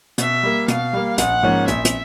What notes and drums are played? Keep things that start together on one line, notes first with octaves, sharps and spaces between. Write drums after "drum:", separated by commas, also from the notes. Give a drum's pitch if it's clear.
B2 E5, drum: hi-hat
G3 A#3
B2 F5, drum: hi-hat
G3 A#3
A#1 F#5, drum: hi-hat
G#2 F3 A#3 C#4
A#1 E5, drum: hi-hat
drum: hi-hat